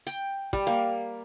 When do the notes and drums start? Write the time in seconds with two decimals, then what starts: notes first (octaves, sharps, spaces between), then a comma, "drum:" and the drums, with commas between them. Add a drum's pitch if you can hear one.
0.07 G5, drum: hi-hat
0.53 G3, drum: kick
0.67 A#3